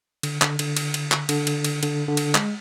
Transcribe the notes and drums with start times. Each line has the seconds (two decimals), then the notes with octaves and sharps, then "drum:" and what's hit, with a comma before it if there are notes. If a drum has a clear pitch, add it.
0.23 D3, drum: cymbal
0.41 D3, drum: clap
0.59 D3, drum: cymbal
0.77 drum: cymbal
0.94 drum: cymbal
1.12 drum: clap
1.29 D3, drum: cymbal
1.47 drum: cymbal
1.64 drum: cymbal
1.83 D3, drum: cymbal
2.08 D3
2.17 drum: cymbal
2.35 G#3, drum: clap